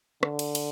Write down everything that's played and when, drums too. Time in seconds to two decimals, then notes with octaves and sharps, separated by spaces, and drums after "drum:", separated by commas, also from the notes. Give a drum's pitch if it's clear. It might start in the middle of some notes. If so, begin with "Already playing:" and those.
0.23 D3, drum: rim click
0.39 drum: cymbal
0.55 drum: cymbal